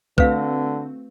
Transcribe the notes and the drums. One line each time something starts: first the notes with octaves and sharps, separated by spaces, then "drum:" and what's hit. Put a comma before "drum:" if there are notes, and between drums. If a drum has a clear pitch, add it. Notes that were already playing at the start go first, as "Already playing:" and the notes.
D3 A3 C4 F#4 B4 F5, drum: kick